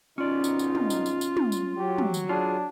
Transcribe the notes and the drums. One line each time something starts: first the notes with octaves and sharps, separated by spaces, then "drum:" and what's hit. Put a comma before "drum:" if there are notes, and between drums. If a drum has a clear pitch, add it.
G#1 B2 C#4 D#4 F4 D5
drum: tambourine
drum: tambourine
drum: tom
drum: tambourine
drum: tambourine
drum: tambourine
drum: tom
drum: tambourine
F#3 G4
drum: tom
drum: tambourine
D4 F4 G#4